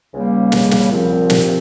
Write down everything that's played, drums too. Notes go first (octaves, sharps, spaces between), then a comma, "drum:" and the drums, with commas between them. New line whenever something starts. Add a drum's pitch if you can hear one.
C#2 C#3 G3 A#3
drum: snare
drum: snare
C2 A#2 F3 C4
drum: snare